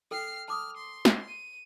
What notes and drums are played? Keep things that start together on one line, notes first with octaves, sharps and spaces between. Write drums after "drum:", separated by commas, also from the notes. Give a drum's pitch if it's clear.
A4 G5 E6 F6 C7
A5 D6 D#6 F6
C6
drum: snare
D#7